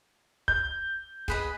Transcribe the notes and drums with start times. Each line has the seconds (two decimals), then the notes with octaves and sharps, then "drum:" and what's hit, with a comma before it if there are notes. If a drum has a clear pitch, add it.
0.48 G6, drum: kick
1.28 G#4 B4 D#5, drum: kick